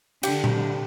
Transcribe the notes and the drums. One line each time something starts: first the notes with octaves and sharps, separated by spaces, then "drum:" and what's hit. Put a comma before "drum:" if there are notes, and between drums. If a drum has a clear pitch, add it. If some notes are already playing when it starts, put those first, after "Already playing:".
D3 G4, drum: cymbal
drum: tom A#2